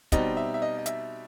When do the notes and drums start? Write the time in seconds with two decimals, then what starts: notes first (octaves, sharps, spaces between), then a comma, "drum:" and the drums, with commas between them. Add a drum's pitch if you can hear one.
0.12 B2 G3 C4 D#4 D#5, drum: kick, hi-hat
0.37 E5
0.54 E5
0.62 D#5
0.78 D#5
0.86 E5, drum: hi-hat